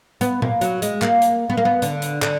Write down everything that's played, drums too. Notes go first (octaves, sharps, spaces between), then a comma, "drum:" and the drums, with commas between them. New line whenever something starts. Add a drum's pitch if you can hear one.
B3, drum: hi-hat
A#3, drum: tom A#2
F#3, drum: hi-hat
G#3, drum: hi-hat
A#3, drum: clap
drum: hi-hat
B3
A#3
B3
D3, drum: hi-hat
drum: hi-hat
D3, drum: clap